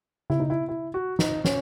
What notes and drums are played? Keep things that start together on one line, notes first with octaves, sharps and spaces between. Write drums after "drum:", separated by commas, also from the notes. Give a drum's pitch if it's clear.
E4, drum: tom C#3
D#4
E4
E4
F#4
D#4, drum: snare
C#4, drum: snare